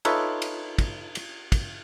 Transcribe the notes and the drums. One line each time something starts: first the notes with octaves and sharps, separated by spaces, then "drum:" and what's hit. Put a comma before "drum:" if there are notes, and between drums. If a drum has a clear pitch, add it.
D#4 F4 A4 B4 C#5 E5, drum: cymbal
drum: cymbal
drum: kick, cymbal
drum: cymbal
drum: kick, cymbal